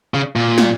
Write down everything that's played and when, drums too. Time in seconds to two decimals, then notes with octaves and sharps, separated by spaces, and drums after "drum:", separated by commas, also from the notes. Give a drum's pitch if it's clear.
0.14 C#3
0.36 A#2
0.58 drum: snare